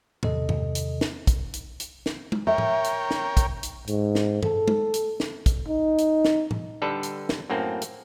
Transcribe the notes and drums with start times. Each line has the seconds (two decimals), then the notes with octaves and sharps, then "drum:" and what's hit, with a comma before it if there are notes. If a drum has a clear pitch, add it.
0.23 E2 C3 D#3 A4 D#5, drum: tom A2
0.49 drum: tom G2
0.75 drum: hi-hat
1.01 drum: snare
1.27 drum: kick, hi-hat
1.54 drum: hi-hat
1.80 drum: hi-hat
2.06 drum: snare
2.32 drum: tom G#3
2.47 A#4 C#5 E5 G5
2.58 drum: tom A2
2.84 drum: hi-hat
3.11 drum: snare
3.37 drum: kick, hi-hat
3.63 drum: hi-hat
3.87 G#2, drum: hi-hat
4.15 drum: snare
4.43 A4, drum: tom G2
4.68 drum: tom G#3
4.94 drum: hi-hat
5.20 drum: snare
5.46 drum: kick, hi-hat
5.68 D#4
5.98 drum: hi-hat
6.25 drum: snare
6.51 drum: tom A2
6.82 D3 G3 A4 B4
7.03 drum: hi-hat
7.29 drum: snare
7.50 F#2 A2 A#3 C4
7.82 drum: hi-hat